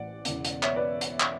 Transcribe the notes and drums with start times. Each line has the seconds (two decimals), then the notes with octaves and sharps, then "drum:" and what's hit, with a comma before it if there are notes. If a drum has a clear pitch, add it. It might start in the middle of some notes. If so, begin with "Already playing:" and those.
Already playing: A1 A2 E3 D5 F#5
0.25 E1 E2 C#3, drum: hi-hat
0.45 drum: hi-hat
0.63 C#5 E5, drum: clap
0.76 B4 D5
1.01 drum: hi-hat
1.20 drum: clap